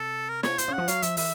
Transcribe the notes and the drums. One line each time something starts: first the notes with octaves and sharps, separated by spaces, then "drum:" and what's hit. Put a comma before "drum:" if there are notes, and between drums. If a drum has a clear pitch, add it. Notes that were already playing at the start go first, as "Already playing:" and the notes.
Already playing: C3 A4
A#4
C#5, drum: snare
B2 C5, drum: hi-hat
C#3
F#5
F3
F#3 F5, drum: hi-hat
F3 E5, drum: hi-hat
E3 E5, drum: open hi-hat